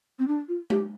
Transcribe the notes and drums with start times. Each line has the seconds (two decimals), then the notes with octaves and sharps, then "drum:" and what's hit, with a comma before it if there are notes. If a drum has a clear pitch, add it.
0.19 C4
0.28 D4
0.48 F4
0.70 G4, drum: tom G#3